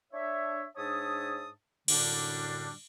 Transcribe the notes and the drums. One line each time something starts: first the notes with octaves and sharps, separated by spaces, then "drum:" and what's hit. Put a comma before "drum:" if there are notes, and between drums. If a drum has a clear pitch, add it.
D4 C#5 E5
G#2 D4 C#5 E5 A5 D#6
F#2 A2 D3 G3 D4, drum: cymbal